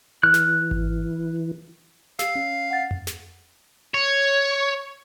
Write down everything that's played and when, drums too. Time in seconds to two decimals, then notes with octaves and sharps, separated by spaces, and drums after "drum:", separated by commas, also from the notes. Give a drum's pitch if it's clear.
0.23 E3 F6 F#6
0.34 drum: snare
0.71 drum: kick G#1
2.19 G4 F5 E6, drum: snare
2.36 C#4
2.71 F#5 A6
2.91 drum: tom F2
3.07 drum: snare
3.94 C#5